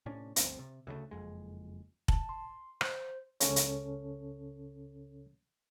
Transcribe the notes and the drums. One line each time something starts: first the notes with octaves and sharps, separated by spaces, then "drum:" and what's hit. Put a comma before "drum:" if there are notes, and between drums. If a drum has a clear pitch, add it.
A2 C3 C#4 D4
G1 D2 C4, drum: hi-hat
C3
D2 C#3 G3 A3
F#1 F2 G#3
A5, drum: kick
C6
C5, drum: rim click
C#2 C#3 C#4 A4 C#5, drum: hi-hat
drum: hi-hat